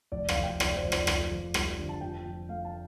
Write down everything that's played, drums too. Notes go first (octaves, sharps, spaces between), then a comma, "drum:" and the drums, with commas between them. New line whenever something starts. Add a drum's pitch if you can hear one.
F1 D5
F5, drum: rim click
F1
G5
F3 D5, drum: rim click
C5
F2
D5, drum: rim click
F2, drum: rim click
F2
G3, drum: rim click
D3
A5
F2 G5
F2
A3 F5
A5